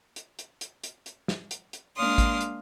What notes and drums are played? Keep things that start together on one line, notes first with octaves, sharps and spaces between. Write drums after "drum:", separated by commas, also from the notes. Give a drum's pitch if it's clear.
drum: hi-hat
drum: hi-hat
drum: hi-hat
drum: hi-hat
drum: hi-hat
drum: snare
drum: hi-hat
drum: hi-hat
G#3 A#3 D4 F5 C6 D#6
drum: kick A1, hi-hat
drum: hi-hat